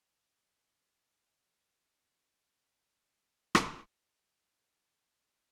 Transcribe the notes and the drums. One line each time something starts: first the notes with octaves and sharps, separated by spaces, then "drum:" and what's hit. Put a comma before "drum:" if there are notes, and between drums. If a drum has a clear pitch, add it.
G#2
C#2
F2
C2
D#5
F#3
A4
drum: rim click
C6
G4
F6
G6
A5
D6
B5
F4
G4